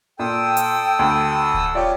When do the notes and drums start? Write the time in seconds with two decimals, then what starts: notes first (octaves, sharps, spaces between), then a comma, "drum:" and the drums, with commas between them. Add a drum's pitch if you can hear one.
0.19 A#2 A4 G5 D#6 E6
0.57 drum: hi-hat
0.99 D2
1.54 drum: kick D1
1.75 F4 G4 C#5 D5